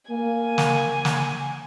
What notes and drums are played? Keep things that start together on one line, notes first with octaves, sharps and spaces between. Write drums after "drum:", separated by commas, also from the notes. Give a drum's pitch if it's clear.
A#3 G#5
drum: snare
drum: snare